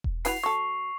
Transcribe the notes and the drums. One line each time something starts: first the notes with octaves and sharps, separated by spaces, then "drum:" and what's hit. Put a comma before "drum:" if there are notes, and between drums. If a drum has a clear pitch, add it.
drum: kick E1
E4 F#4 B4 C7 F7, drum: open hi-hat
F#3 A4 C#6